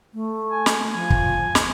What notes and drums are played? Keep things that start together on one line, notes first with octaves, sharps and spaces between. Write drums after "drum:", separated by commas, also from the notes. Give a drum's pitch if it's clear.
A3
G#5
drum: snare
F3 G#5
drum: kick
drum: snare